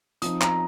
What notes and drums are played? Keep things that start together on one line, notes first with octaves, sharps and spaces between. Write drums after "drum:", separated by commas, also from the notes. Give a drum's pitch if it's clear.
F3 C4 D#4 D#6, drum: hi-hat
A#5, drum: clap